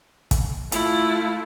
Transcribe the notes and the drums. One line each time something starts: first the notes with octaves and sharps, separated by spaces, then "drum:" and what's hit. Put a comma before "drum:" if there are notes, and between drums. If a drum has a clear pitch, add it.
drum: kick, hi-hat
A3 E4 F4, drum: hi-hat